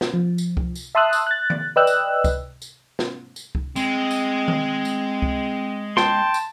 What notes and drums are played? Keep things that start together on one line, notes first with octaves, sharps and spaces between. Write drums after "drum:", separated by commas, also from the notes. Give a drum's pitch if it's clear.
drum: snare
F3
drum: tambourine
drum: kick
drum: tambourine
E5 A5 C6 D#6 E6 F#6
drum: tambourine
F#6 A6
drum: tom D#3
B4 D5 D#5 G5 E6 F#6
drum: tambourine
drum: kick, tambourine
drum: tambourine
drum: snare
drum: tambourine
drum: kick
G#3 C4, drum: tambourine
drum: tambourine
drum: tom D#3
drum: tambourine
drum: kick
G5 A5 C6, drum: snare
drum: tambourine